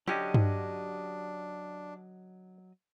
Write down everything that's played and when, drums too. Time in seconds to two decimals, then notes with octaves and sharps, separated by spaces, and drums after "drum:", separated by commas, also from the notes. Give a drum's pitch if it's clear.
0.08 D3 F#3 C#4 D4 G4 D#5
0.34 drum: tom G2